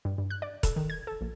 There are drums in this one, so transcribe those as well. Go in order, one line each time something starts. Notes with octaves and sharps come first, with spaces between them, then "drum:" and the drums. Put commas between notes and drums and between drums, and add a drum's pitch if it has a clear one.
G2
G2
F#6
D5
A4, drum: kick E1, hi-hat
D#3
G#6
A4
A#1